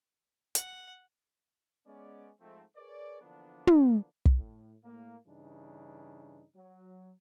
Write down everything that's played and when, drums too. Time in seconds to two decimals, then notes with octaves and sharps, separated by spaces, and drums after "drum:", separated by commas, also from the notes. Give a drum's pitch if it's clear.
0.55 F#5, drum: hi-hat
1.86 G#3 B3 C#4 D5
2.41 G#2 F3 A3 C4
2.76 G#4 A#4 B4 C#5 D5
3.21 D3 E3 F3 A#3 B3 D4
3.67 drum: tom
4.25 drum: kick
4.37 A2
4.84 A2 A#3
5.26 G2 C#3 E3 D4 D#4
6.56 F#3